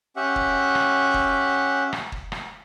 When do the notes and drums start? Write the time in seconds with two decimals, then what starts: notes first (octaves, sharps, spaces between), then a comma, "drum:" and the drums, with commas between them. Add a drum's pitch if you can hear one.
0.16 C#4 G4 E5 F#5
0.36 drum: kick
0.75 drum: rim click
1.14 drum: kick
1.93 drum: rim click
2.12 drum: kick
2.32 drum: rim click